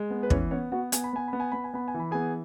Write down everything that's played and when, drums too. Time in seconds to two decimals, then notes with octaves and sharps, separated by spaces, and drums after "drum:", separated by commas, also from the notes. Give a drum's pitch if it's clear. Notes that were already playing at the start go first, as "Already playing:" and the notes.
Already playing: G#3
0.10 B3
0.23 B4
0.30 E3 C#4 C#5, drum: kick
0.51 B3 C#4 C#5
0.72 B3 F#4 F#5
0.92 B3 G#5, drum: hi-hat
1.04 B5
1.13 B3 G#5
1.28 B5
1.33 B3
1.40 G#5
1.52 B3 B5
1.64 G#5
1.74 B3 B5
1.88 G#5
1.94 E3
2.00 B5
2.11 B3 G#4 G#5